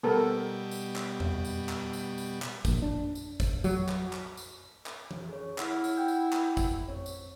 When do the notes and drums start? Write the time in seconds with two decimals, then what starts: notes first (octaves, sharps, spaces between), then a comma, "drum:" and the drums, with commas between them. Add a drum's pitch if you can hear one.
0.03 B2 G3 B3 A4 A#4
0.71 drum: tambourine
0.96 drum: clap
1.20 drum: tom E2
1.45 drum: tambourine
1.69 drum: clap
1.93 drum: tambourine
2.18 drum: tambourine
2.42 drum: clap
2.65 A#1, drum: kick, tambourine
2.82 D4
3.15 drum: tambourine
3.40 drum: kick, tambourine
3.64 F#3, drum: tambourine
3.89 drum: clap
4.13 drum: clap
4.37 drum: tambourine
4.86 drum: clap
5.11 drum: tom E3
5.29 G#4 C#5
5.58 E4 F#5 F6, drum: clap
5.84 drum: tambourine
5.97 F#5 G5 G6
6.08 drum: tambourine
6.33 drum: clap
6.57 drum: kick, tambourine
6.88 C4 C#5
7.06 drum: tambourine